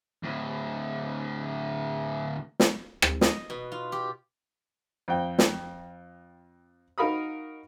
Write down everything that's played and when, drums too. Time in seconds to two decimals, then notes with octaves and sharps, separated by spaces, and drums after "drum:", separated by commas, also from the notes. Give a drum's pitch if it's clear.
0.23 D2 A2
2.60 drum: snare
3.02 drum: rim click
3.21 D#5, drum: snare
3.50 B2
3.72 F4
3.92 G4
5.08 F2 G5
5.39 drum: snare
6.98 D#4 F#4 A#4 F5 B5 D#6